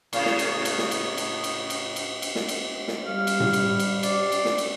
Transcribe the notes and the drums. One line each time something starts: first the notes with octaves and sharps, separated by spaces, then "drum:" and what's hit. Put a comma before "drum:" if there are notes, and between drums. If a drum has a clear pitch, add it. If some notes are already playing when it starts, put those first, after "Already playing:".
A2 C#3, drum: cymbal
drum: snare
drum: cymbal
drum: cymbal
drum: snare
drum: cymbal
drum: cymbal
drum: cymbal
drum: cymbal
drum: cymbal
drum: cymbal
drum: snare
drum: cymbal
drum: snare
G3 F5
drum: cymbal
drum: tom A2
drum: cymbal
drum: cymbal
D5, drum: cymbal
drum: cymbal
drum: snare
drum: cymbal